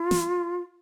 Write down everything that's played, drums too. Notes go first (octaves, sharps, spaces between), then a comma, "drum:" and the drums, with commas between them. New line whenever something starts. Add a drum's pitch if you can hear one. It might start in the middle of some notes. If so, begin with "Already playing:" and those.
Already playing: F4
drum: snare